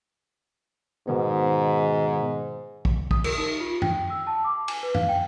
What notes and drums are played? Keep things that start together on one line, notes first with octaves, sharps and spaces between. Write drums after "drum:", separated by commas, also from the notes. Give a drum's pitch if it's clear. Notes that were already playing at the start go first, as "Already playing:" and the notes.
G#2 B2 D#3 B3
drum: kick
D#6, drum: kick
A#4, drum: cymbal
D#4
F4
G5, drum: tom F#2
E6
A5
D6
G#5, drum: cymbal
B4
F5, drum: tom F#2
G5